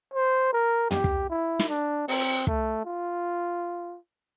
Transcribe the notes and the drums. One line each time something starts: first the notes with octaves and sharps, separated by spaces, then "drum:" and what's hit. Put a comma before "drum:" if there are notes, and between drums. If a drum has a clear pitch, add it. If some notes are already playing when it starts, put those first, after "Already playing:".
C5
A#4
G4, drum: tom
drum: kick
E4
drum: snare
D4
C4, drum: open hi-hat
A3, drum: kick
F4